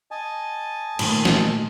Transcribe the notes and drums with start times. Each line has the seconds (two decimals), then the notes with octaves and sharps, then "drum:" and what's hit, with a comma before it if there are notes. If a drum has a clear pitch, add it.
0.11 D#5 G#5 A5
0.99 A#2 D#3 A3, drum: cymbal
1.25 drum: snare